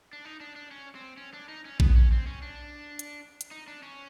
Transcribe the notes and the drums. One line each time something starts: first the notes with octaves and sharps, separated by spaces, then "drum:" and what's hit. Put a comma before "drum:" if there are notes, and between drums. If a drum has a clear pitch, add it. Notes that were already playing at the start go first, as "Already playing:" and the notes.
D4
D#4
D4
D4
C#4
C4
C#4
D4
D#4
C#4
B3, drum: kick
C#4
C4
C#4
D4
drum: hi-hat
drum: hi-hat
D#4
D4
C#4